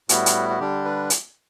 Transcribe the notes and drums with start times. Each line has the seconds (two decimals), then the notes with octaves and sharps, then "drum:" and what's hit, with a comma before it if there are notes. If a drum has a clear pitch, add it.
0.09 A2 G3 B3 E4 F#4, drum: hi-hat
0.26 drum: hi-hat
0.49 F#4
0.60 D3 G3 D4 G4
0.85 B4
1.10 drum: hi-hat